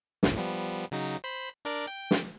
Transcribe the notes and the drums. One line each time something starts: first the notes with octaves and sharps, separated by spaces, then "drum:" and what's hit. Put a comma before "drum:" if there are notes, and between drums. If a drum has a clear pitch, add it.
G1 C#2 A2, drum: snare
F3 G3 B3
C#3 F#3 D#4
C5 B5
D4 A#4 D5
G5
drum: snare